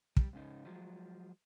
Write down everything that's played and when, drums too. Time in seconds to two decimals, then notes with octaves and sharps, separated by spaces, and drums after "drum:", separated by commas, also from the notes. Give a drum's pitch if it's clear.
0.17 G3, drum: kick
0.33 G#2 C#3 D#4
0.65 F3 F#3 G#3